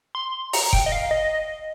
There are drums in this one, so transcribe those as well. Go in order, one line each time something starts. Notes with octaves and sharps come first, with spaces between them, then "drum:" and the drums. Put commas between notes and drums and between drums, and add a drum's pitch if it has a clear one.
C6
A#5, drum: open hi-hat
G5, drum: kick F1
D#5
F5
D#5